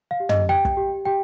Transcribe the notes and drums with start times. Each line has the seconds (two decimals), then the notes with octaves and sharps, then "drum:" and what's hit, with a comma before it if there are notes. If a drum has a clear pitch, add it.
0.11 F5
0.20 G4
0.29 D#5, drum: tom
0.49 G4 G5
0.65 drum: kick
0.77 G4
1.05 G4 G5